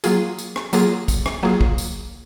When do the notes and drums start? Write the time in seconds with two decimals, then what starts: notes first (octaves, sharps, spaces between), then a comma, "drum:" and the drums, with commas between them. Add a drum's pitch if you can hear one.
0.04 F#3 A#3 F4 G#4, drum: tambourine
0.38 drum: tambourine
0.56 drum: rim click
0.73 F#3 A#3 F4 G#4, drum: tambourine
1.08 drum: kick, tambourine
1.26 drum: rim click
1.43 F#3 A#3 F4 G#4
1.61 drum: kick
1.78 drum: tambourine